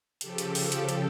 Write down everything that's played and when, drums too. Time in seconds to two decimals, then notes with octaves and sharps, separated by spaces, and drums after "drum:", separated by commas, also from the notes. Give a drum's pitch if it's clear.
0.21 C#3 F3 G4 A4, drum: hi-hat
0.38 drum: hi-hat
0.55 drum: open hi-hat
0.72 drum: hi-hat
0.89 drum: hi-hat